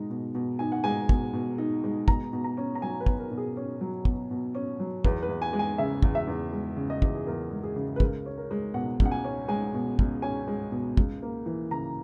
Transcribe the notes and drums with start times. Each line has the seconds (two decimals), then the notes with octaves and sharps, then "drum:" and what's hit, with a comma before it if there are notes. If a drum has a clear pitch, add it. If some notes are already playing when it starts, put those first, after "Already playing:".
Already playing: B2 G#3 D#4
0.10 B2
0.35 B2
0.59 D#4 G#5
0.72 F#5
0.84 G#3 G#5
1.09 B2, drum: kick
1.33 B2
1.58 D#4
1.84 G#3
2.08 B2 A#5, drum: kick
2.33 B2
2.44 A#5
2.57 C#4
2.75 A#5
2.82 F#3 G#5
3.00 B4
3.06 B2, drum: kick
3.19 A#4
3.31 B2
3.38 G#4
3.57 C#4
3.81 F#3
4.05 B2, drum: kick
4.31 B2
4.55 C#4
4.80 F#3
5.04 E2 B4, drum: kick
5.23 B4
5.29 E2
5.42 G#5
5.53 G#3
5.59 G#5
5.78 C#3 E5
6.02 E2, drum: kick
6.15 E5
6.27 E2
6.52 G#3
6.77 C#3
6.90 D#5
7.02 E2, drum: kick
7.16 G#4
7.27 E2 A#4
7.51 G#3
7.63 G#4
7.76 C#3
7.96 B4
8.00 C#2 A#4, drum: kick
8.26 C#4
8.38 A#4
8.51 G#3
8.74 B2 F#5
9.00 C#2, drum: kick
9.05 F#5
9.11 G#5
9.24 C#4
9.48 G#3 G#5
9.74 B2
9.99 C#2, drum: kick
10.22 C#4 G#5
10.48 G#3
10.72 B2
10.97 C#2, drum: kick
11.22 A#3
11.46 E3
11.71 C#3 A#5